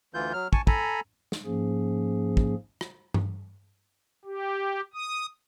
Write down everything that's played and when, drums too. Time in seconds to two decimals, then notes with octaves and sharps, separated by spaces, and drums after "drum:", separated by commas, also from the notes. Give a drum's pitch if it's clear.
0.14 D2 E3 F4 G6
0.33 F#3 F6
0.53 G#5 A5 C#6, drum: kick
0.67 A4 G#5 A#5 B5, drum: kick
1.32 drum: snare
1.45 G#2 F3 A#3 C#4 G#4
2.37 drum: kick
2.81 drum: rim click
3.14 drum: tom G2
4.25 G4
4.94 D#6